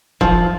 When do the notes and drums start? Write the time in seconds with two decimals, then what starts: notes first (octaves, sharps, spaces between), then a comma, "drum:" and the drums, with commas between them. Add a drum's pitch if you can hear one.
0.21 F3, drum: kick F1